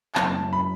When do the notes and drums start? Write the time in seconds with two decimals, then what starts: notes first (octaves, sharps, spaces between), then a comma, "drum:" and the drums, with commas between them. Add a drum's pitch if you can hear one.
0.15 F#1 A5, drum: clap
0.41 F#2
0.53 B5